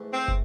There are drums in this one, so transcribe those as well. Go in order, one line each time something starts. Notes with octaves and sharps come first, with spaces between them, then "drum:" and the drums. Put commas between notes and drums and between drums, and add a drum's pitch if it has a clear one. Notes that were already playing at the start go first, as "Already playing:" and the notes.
Already playing: G#2 E3 A3
C4
drum: kick